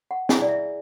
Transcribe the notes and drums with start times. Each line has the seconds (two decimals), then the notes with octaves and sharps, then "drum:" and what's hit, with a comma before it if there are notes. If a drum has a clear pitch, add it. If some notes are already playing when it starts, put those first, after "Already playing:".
0.11 F#5
0.29 E4 G#4 G#5, drum: snare
0.42 D5
0.49 E5